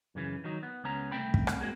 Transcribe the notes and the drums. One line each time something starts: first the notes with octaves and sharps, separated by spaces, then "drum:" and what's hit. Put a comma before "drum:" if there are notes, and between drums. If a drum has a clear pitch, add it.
F#2 C#3 E3
D#3 F#3 D#4
B3
C#2 B3 C#4 A#5
C2 A3 C4 G5 B5
drum: kick
drum: rim click
G#3 A#3 C4 F#4